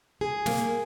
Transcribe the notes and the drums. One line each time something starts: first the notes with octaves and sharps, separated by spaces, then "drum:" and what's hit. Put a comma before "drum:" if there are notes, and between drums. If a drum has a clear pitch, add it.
G#4
A#3, drum: snare